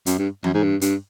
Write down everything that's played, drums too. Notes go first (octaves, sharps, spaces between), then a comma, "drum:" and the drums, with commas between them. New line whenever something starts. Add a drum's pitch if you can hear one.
F#2, drum: hi-hat
G2
F#2, drum: tom E3
G#2
G2
G2, drum: hi-hat